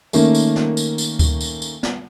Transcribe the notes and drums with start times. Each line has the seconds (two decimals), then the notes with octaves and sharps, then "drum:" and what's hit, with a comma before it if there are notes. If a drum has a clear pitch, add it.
0.13 D#3 A3 A#3 C#4, drum: tambourine
0.35 drum: tambourine
0.56 drum: snare
0.77 drum: tambourine
0.98 drum: tambourine
1.19 drum: kick D2, tambourine
1.41 drum: tambourine
1.62 drum: tambourine
1.83 drum: snare